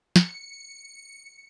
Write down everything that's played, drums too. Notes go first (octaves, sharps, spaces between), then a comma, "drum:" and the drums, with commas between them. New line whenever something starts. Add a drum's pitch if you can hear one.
C#7, drum: snare